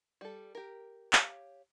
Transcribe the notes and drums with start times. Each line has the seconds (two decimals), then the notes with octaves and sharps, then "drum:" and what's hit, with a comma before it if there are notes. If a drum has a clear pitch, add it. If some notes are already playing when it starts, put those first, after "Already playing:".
0.21 G3 A4
0.55 G4 A#4
1.13 G4 C#5 F5, drum: clap